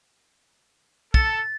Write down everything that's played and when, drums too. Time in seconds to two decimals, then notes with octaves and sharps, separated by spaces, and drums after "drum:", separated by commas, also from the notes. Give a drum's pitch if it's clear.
1.14 A4 A6, drum: kick